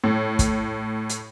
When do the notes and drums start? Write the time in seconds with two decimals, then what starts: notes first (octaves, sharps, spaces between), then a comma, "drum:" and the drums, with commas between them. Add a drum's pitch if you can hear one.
0.04 A2
0.39 drum: kick, hi-hat
1.09 drum: hi-hat